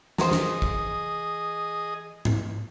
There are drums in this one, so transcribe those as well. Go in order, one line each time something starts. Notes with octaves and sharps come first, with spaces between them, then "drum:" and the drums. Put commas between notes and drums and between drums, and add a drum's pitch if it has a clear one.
E3 G#4 A#4 C5 D#5, drum: snare
drum: snare
drum: kick
drum: tom G#2